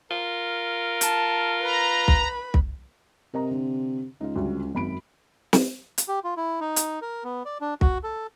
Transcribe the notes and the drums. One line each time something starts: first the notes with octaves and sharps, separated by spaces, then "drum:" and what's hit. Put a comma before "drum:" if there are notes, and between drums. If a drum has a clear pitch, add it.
F4 A#4
A5, drum: hi-hat
B4 A#5 B5
drum: kick
drum: kick
C3 A#4 D#5 A#5
D3
C#2 D#4 F4
D2 G3
G#1 F#2 B5 D7
drum: snare
drum: hi-hat
G4
F4
E4
D#4
drum: hi-hat
A#4
B3
D5
D4
F#4, drum: kick
A4